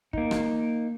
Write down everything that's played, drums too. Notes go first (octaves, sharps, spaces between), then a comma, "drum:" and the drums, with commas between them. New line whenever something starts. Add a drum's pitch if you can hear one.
A#3 D#4, drum: kick
drum: rim click